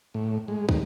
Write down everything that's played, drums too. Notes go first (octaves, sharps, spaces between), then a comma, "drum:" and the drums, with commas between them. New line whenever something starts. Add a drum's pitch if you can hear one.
A2
G#3
D#3, drum: kick